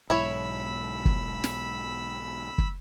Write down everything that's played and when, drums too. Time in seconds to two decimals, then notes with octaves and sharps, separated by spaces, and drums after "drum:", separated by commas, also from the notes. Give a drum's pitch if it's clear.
0.10 B1 G#2 E4 C#5 B5 E6
1.05 drum: kick
1.44 drum: snare
2.58 drum: kick